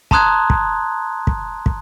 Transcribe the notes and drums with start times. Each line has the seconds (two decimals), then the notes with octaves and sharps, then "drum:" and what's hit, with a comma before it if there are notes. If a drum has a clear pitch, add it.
0.11 A5 A#5 C6 D#6 F#6 G#6, drum: kick
0.50 drum: kick
1.27 drum: kick
1.66 drum: kick